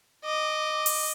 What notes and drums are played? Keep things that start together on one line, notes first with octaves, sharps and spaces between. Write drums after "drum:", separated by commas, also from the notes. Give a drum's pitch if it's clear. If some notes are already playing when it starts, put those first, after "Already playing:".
D#5 D6
drum: open hi-hat